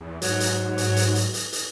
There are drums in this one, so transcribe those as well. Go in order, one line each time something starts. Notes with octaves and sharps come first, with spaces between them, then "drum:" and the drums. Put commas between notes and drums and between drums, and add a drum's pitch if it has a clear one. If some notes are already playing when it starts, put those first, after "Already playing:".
E2
G#2 F#3, drum: hi-hat
drum: hi-hat
drum: hi-hat
drum: hi-hat
drum: hi-hat
drum: hi-hat
drum: hi-hat